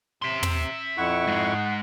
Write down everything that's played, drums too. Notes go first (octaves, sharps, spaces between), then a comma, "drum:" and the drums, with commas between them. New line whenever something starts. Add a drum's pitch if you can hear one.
C3 E5 C6
drum: tom
F2 E4 F#5 C#6
G#2 G#3